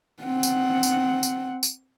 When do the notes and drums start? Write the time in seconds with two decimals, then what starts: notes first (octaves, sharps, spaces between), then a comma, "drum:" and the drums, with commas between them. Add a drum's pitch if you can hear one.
0.23 C4 F#5
0.43 drum: tambourine
0.83 drum: tambourine
1.23 drum: tambourine
1.63 drum: tambourine